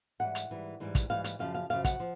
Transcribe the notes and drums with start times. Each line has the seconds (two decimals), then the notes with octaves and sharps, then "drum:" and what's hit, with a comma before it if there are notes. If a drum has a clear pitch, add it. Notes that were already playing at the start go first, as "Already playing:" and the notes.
0.19 G#2 E3 G3 F#5
0.35 drum: hi-hat
0.50 G#2 E3 G3
0.80 G#2 E3 G3
0.95 drum: kick, hi-hat
1.10 G#2 E3 G3 F5
1.24 F5, drum: hi-hat
1.39 F#2 C#3 F3 F5
1.55 F5
1.70 F#2 C#3 F3 F5
1.84 F#5, drum: kick, hi-hat
2.00 F3